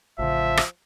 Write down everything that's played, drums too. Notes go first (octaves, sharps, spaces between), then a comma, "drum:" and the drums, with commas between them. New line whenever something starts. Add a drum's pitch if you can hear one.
A1 C#3 F3 E5
drum: rim click